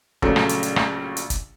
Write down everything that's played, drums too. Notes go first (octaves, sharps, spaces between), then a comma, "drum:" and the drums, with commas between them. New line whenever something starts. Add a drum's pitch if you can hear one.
A#1 C#3 F#3 A3, drum: kick
drum: rim click
drum: hi-hat
drum: hi-hat
drum: rim click
drum: hi-hat
drum: kick, hi-hat